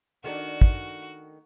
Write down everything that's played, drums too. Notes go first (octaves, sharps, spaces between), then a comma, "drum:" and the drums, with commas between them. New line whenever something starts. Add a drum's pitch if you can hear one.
D#3 A3 D4 F#4
drum: kick